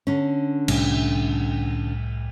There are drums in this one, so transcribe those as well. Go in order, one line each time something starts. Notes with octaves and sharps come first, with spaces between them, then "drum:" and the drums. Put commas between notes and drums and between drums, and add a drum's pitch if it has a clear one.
D3 C#4
C2 A2 G3, drum: cymbal